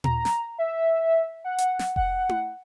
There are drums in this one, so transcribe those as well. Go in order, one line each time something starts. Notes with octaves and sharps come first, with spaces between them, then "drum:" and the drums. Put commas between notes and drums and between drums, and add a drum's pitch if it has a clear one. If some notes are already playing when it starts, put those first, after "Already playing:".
A#5, drum: tom A#2
drum: snare
E5
F#5
drum: hi-hat
drum: snare
F#5, drum: kick F1
drum: tom E4